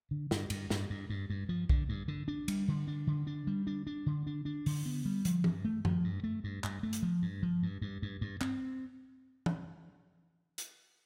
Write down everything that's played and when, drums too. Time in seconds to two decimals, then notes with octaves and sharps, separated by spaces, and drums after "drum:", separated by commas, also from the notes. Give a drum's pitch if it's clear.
0.11 D3
0.31 G2, drum: snare
0.50 G2, drum: cymbal
0.70 G2, drum: snare
0.90 G2
1.10 G2
1.30 G2
1.49 F3
1.69 D3, drum: kick A#1
1.89 G2
2.08 D3
2.28 D4
2.48 G3, drum: cymbal
2.68 D3
2.87 D4
3.07 D3
3.27 D4
3.47 G3
3.67 D4
3.87 D4
4.06 D3
4.27 D4
4.45 D4
4.66 D3, drum: open hi-hat
4.86 B3
5.05 G3
5.25 F3, drum: hi-hat
5.44 G2, drum: tom E3
5.65 A3
5.85 F3, drum: tom F#2
6.04 G2
6.24 A3
6.44 G2
6.64 G2, drum: clap
6.83 A3
6.93 drum: hi-hat
7.03 F3
7.22 G2
7.43 F3
7.63 G2
7.82 G2
8.02 G2
8.21 G2
8.41 C4, drum: clap
9.46 drum: tom
10.58 drum: hi-hat